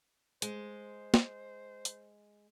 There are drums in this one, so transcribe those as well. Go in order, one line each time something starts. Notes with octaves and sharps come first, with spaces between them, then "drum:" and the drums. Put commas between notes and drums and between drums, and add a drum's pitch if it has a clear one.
G#3 C5, drum: hi-hat
drum: snare
drum: hi-hat